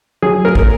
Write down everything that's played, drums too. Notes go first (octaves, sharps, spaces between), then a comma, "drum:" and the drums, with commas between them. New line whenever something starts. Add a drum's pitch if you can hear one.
F#3 G#4
A#3 A#4
drum: kick